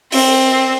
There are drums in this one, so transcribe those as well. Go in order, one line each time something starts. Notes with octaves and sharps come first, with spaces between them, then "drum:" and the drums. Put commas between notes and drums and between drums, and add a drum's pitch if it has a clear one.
C4, drum: open hi-hat